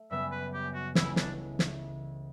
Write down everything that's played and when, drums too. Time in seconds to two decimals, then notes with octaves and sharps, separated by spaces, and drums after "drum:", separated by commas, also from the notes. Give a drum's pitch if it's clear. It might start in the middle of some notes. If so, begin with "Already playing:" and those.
Already playing: A3
0.10 F#2 C#3 G3 B3 E5
0.32 B4
0.54 G4
0.74 F#4
0.95 C#2 C#3 E3 A3 E4, drum: snare
1.16 D4, drum: snare
1.59 drum: snare